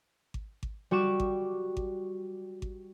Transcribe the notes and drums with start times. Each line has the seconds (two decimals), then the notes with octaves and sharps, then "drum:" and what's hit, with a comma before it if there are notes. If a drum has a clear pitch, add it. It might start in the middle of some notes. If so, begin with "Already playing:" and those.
0.34 drum: kick G#1
0.63 drum: kick G#1
0.91 G3 F#4 C#6 D6 E7
1.20 drum: kick G#1
1.77 drum: kick G#1
2.62 drum: kick G#1